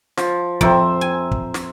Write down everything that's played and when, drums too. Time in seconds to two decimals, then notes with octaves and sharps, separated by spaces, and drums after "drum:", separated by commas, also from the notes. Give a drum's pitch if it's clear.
0.17 F3, drum: snare
0.61 F2 C5 E5 A#5, drum: kick
1.01 G#5
1.31 drum: kick
1.54 drum: snare